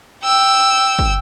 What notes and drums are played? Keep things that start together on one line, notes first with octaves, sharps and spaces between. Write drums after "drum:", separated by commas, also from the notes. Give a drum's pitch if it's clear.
G5 E6
drum: kick